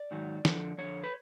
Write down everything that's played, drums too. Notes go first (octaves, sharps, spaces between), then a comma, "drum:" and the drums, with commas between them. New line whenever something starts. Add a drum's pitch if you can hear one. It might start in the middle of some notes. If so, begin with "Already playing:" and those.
Already playing: D5
G#2 D#3 F#3
F2 D3 F3, drum: snare
F2 D3 F3 C#5
B4